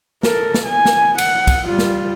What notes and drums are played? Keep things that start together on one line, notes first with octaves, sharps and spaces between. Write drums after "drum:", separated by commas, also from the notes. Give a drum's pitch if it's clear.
A4 A#4, drum: snare
drum: snare
G#5
drum: snare
F#5, drum: cymbal
drum: kick, cymbal
G3 F4
drum: snare